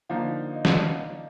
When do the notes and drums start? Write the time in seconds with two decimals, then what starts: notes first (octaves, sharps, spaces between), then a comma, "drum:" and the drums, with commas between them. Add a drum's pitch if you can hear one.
0.09 D3 F3 A#3 D#4 F5
0.55 D#5
0.65 drum: snare
1.02 D5